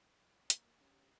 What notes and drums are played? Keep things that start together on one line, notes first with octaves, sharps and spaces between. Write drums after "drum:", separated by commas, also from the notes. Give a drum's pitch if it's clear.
A#3, drum: hi-hat
C#4 G4